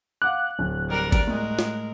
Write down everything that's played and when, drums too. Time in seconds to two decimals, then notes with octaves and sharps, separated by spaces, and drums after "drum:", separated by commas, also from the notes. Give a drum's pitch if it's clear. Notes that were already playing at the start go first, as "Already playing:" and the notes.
0.22 F5 F#5 D6 F#6
0.59 D1
0.89 G3 A#4 D5
1.12 drum: kick G1, cymbal
1.27 A2 G#3 A#4
1.59 drum: snare